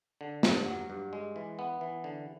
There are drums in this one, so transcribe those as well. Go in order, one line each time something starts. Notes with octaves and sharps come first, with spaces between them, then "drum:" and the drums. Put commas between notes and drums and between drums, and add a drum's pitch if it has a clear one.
D3
G2, drum: snare
F#3
G2
G#3
E3
B3
E3
D3